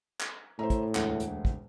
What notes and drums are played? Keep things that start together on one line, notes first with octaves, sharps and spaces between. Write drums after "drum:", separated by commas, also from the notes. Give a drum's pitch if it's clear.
drum: clap
A2 C5 E5 A#5
drum: kick, hi-hat
E1 D2 F#5, drum: clap
drum: hi-hat
drum: kick